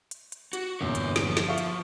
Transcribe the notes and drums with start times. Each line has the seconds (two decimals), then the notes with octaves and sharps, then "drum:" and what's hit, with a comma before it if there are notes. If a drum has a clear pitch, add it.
0.11 drum: hi-hat
0.32 drum: hi-hat
0.53 F#4, drum: hi-hat
0.81 G1 E2 A#2 A#4 C#5
0.95 drum: hi-hat
1.16 drum: snare
1.27 F3
1.37 drum: snare
1.48 E5 F5 C#6
1.58 drum: hi-hat